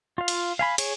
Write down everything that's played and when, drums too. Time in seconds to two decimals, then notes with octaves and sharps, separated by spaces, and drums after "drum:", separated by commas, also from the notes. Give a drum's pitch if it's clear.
0.18 F4 F5
0.28 drum: cymbal
0.59 F5 G#5 B5
0.78 G#4 C#5, drum: cymbal